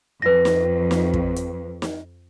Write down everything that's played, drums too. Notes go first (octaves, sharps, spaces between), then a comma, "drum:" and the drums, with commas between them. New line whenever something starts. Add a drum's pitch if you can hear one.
F2 B4 A#6
drum: snare
drum: snare
drum: kick
drum: hi-hat
drum: snare